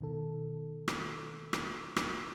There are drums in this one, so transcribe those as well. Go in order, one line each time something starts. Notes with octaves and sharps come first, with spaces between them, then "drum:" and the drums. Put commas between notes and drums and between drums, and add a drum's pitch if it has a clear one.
B2 D#3 A4
drum: rim click
drum: rim click
drum: rim click